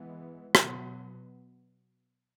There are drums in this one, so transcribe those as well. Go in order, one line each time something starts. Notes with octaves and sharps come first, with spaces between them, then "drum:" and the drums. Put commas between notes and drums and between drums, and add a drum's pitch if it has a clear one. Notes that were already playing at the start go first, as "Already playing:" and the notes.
Already playing: E3 G#3 B3
B2 F#3 B3, drum: rim click